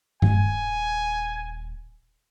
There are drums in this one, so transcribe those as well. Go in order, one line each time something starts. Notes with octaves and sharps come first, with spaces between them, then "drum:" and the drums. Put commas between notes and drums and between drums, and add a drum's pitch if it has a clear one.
D#1 G#5, drum: tom G2